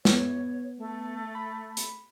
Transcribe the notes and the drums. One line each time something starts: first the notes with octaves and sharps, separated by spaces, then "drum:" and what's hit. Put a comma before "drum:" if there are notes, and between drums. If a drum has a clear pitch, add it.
B3 C#5, drum: snare
A3
B5
drum: hi-hat